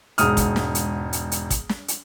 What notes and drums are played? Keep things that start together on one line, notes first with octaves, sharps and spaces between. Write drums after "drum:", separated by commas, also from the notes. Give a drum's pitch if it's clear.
E1 G#2 D#6 F6, drum: hi-hat
drum: kick, hi-hat
drum: snare
drum: hi-hat
drum: hi-hat
drum: hi-hat
drum: kick, hi-hat
drum: snare
drum: hi-hat